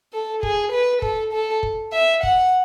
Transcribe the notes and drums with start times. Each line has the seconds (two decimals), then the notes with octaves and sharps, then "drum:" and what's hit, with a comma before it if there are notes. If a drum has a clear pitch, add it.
0.13 A4
0.43 G#4, drum: kick
0.72 B4
1.02 A4, drum: kick
1.33 A4
1.63 drum: kick
1.93 E5
2.23 F#5, drum: kick